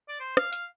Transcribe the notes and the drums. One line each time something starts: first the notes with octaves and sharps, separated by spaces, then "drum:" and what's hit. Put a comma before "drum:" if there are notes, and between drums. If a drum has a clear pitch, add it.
D5
C5
F5, drum: rim click
F5, drum: hi-hat